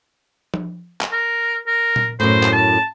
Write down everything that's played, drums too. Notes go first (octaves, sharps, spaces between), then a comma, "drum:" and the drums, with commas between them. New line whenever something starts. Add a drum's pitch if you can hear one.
drum: tom F3
drum: clap
A#4
A#4
drum: tom A#2
F#2 A2 C5
drum: clap
A5